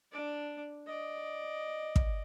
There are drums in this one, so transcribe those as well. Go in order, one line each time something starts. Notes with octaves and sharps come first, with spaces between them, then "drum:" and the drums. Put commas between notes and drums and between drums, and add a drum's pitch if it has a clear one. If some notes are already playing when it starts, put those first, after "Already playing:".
D4 D5
D5 D#5
drum: kick